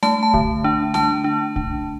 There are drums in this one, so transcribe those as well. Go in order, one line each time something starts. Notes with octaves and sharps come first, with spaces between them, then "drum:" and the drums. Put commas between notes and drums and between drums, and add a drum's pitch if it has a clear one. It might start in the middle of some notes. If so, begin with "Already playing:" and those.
A3 A5, drum: snare
A5
D3, drum: kick
D4
D4 A5, drum: snare
D4
D4, drum: kick